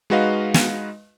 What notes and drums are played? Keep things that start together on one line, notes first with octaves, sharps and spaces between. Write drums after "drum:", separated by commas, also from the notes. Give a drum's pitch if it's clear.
G#3 D#4 F#4 B4 D#5 F5
drum: snare